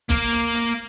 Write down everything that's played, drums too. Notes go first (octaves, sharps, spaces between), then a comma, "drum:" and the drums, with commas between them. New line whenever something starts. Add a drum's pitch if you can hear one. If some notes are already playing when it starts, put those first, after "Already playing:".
A#3 A#4, drum: kick, hi-hat
drum: hi-hat
drum: hi-hat